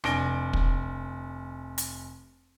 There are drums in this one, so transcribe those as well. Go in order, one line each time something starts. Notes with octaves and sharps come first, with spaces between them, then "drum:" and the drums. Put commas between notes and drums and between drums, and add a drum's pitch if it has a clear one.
F1 D4 G#5 A#6 D7 G7, drum: rim click
drum: kick
drum: hi-hat